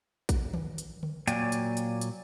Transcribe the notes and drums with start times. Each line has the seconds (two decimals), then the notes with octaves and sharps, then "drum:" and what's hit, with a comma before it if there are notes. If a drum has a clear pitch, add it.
0.29 drum: kick, hi-hat
0.54 drum: tom D#3
0.78 drum: hi-hat
1.03 drum: tom D3
1.28 A#2 F#3 A#3 D5 G5 G#5, drum: hi-hat
1.52 drum: hi-hat
1.77 drum: hi-hat
2.01 drum: hi-hat